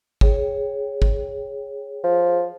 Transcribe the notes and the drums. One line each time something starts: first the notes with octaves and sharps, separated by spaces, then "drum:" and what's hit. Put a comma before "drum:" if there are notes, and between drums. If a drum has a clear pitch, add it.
G#4 C#5 G5, drum: kick
drum: kick
F3